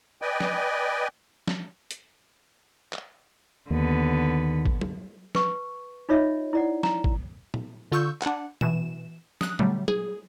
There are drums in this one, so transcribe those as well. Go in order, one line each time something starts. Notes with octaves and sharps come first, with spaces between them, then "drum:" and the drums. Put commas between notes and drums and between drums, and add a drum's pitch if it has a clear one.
B4 D5 D#5 G5 G#5
drum: snare F3
drum: snare F3
drum: hi-hat
drum: clap
D#2 D3 B3
drum: kick
drum: tom F#3
B4 C#6, drum: snare F3
D#4 F4 C#5 D#5 E5
E4 D5 F#5
A#5, drum: snare F3
drum: kick
drum: tom
D3 F4 C#6 E6 G6
D4 F#5, drum: clap
B2 E3 E7, drum: tom
D#6 F#6, drum: snare F3
D3 F#3 G3 A3, drum: tom
G#4, drum: tom F#3